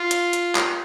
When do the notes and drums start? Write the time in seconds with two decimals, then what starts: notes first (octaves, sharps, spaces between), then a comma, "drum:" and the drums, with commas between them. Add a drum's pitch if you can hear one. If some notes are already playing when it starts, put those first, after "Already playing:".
Already playing: F4
0.11 drum: hi-hat
0.33 drum: hi-hat
0.55 drum: clap